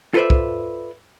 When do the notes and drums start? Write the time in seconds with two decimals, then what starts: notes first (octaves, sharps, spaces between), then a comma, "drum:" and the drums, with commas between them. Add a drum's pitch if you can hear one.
0.14 F4 A4 B4 C5 D5 E5
0.30 drum: kick